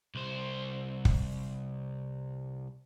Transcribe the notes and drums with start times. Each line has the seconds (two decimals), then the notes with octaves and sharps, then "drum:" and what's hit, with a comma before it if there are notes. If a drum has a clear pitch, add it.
0.15 C2 C5
1.05 drum: kick